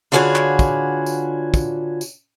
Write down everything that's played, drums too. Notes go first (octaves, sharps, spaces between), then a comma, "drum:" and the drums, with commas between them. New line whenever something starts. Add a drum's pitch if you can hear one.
D3 F4 F#4 G#4 B4 C#5
drum: clap
drum: kick, tambourine
drum: tambourine
drum: kick, tambourine
drum: tambourine